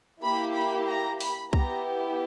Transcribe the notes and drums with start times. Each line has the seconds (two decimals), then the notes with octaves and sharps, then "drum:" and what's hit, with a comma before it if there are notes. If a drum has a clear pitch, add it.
0.22 A#3 E4 G4 B5
0.55 B5
0.88 A#5
1.20 B5, drum: open hi-hat
1.53 B3 E4 G4 A#5, drum: kick C2